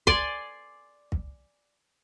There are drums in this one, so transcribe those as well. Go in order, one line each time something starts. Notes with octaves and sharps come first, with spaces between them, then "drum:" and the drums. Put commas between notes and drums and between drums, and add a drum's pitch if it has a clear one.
D5 G#5 C6, drum: kick
drum: kick